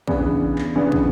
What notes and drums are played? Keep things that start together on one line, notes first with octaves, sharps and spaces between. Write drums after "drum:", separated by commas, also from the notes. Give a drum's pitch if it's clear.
C#3 E3 B3 D4, drum: kick
drum: clap
C#3 E3 B3 D4
drum: kick